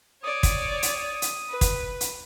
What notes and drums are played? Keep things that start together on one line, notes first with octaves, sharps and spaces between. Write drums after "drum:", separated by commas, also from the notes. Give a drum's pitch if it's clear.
C#5 D5 D#6
drum: kick, hi-hat
drum: hi-hat
drum: hi-hat
B4
drum: kick, hi-hat
drum: hi-hat